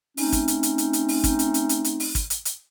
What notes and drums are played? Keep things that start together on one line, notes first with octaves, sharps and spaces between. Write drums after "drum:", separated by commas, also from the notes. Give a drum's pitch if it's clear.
A3 C4 C#4 D#4, drum: open hi-hat
drum: kick, hi-hat
drum: hi-hat
drum: hi-hat
drum: hi-hat
drum: hi-hat
drum: open hi-hat
drum: kick, hi-hat
drum: hi-hat
drum: hi-hat
drum: hi-hat
drum: hi-hat
drum: open hi-hat
drum: kick, hi-hat
drum: hi-hat
drum: hi-hat